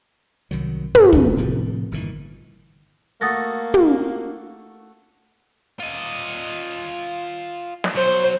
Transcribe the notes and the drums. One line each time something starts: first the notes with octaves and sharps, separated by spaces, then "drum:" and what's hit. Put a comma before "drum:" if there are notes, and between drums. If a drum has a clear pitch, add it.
C2 D#3 F#3
G2 B2, drum: tom
C3 F#3 A3 B3, drum: kick
A2 C3 D#3 F3
G1 A#2 D#3 E3
A3 A#3 F#4 A4 D#6 A6 A#6
drum: tom
F4 D#5
drum: snare
B1 F#3 C5